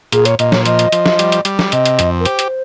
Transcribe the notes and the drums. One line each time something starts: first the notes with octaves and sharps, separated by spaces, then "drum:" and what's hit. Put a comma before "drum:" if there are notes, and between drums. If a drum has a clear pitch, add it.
A#2 G#4, drum: hi-hat
C#5, drum: hi-hat
A#2 D#5, drum: hi-hat
C#5, drum: snare
F3 D#5, drum: hi-hat
drum: hi-hat
F3, drum: hi-hat
drum: snare
G3, drum: hi-hat
drum: hi-hat
G3, drum: hi-hat
drum: snare
C3 D#5, drum: hi-hat
drum: hi-hat
F2, drum: hi-hat
A#4
G4 C5, drum: hi-hat
drum: hi-hat